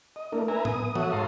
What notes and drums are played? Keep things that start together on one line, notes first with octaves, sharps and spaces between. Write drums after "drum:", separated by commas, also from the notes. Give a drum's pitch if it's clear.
D#5
A3 A#3 D4 E4 A#4
A#4 B4 E5 G#5 A#5
B3 D#6, drum: tom A2
F#4 A4 C#5 E5 F#5 D#6, drum: tom E3
G#2 C#5 F5 A5 A#5 C6